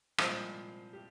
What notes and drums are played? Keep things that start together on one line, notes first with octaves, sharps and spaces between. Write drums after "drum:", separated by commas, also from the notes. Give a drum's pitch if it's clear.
C2 A#2 F3 G#3 C5, drum: rim click
G4